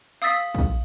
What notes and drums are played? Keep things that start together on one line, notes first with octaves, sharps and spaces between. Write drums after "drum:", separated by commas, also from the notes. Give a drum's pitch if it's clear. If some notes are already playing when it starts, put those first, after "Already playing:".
F5 D#6 E6 A6 B6
drum: cymbal
drum: kick A#1